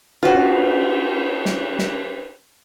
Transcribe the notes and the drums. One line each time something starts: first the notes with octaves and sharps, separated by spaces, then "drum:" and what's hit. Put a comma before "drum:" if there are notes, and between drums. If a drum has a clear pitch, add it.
F4 F#4, drum: cymbal
drum: snare
drum: snare